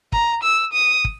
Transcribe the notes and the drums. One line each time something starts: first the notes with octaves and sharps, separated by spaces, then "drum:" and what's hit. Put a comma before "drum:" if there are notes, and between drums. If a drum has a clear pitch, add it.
A#5, drum: kick
E6
D#6
drum: kick